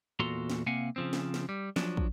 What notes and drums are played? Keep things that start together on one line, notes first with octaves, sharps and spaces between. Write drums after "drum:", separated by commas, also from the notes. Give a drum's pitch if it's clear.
E2 A#2 F#4 A4 A#5 C6
drum: snare
C3 A#3 F5 F#5 G#5
C#3 F3 C4
drum: snare
drum: snare
G3
F3 F#3 D4, drum: snare
drum: kick